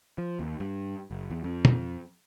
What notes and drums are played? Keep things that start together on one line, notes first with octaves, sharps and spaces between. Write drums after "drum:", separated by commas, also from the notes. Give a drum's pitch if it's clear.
F3
D#2
G2
F#1
E2
F2
drum: tom